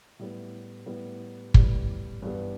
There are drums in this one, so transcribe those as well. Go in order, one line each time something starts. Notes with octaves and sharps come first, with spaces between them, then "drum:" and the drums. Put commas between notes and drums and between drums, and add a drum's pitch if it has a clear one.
A2 G3 B3
A2 G3 B3
A2 G3 B3, drum: kick
G2 E3 G3 B3